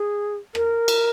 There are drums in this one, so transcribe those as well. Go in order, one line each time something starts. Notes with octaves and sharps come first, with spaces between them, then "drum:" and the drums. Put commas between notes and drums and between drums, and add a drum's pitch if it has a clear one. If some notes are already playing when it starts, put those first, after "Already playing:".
Already playing: G#4
A#4, drum: rim click
drum: cymbal